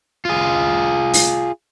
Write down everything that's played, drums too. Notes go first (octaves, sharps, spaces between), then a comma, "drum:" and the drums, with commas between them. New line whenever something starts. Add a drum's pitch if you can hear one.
F4 G#4
drum: open hi-hat